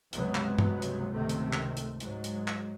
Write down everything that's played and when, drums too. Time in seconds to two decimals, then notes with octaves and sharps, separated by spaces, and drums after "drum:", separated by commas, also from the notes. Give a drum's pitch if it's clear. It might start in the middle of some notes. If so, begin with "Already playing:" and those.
0.13 C#2 G2 C3 F#3 G#3 B3, drum: hi-hat
0.35 drum: clap
0.58 drum: tom G2
0.82 drum: hi-hat
1.10 C#2 G#2 C3 D#3 A3 C4
1.29 drum: hi-hat
1.53 drum: clap
1.77 drum: hi-hat
2.00 G#2 F#3 G#3, drum: hi-hat
2.24 drum: hi-hat
2.48 drum: clap